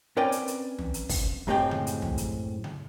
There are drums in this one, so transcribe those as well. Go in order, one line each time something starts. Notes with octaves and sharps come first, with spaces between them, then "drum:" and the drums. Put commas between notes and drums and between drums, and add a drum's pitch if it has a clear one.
C4 C#4 A#4 B4 D5 G5
drum: hi-hat
drum: hi-hat
drum: tom
drum: hi-hat
drum: kick, open hi-hat
F#2 A2 G#3 C4 G4 G5
drum: tom C#3
drum: hi-hat
drum: tom
drum: hi-hat
drum: tom C#3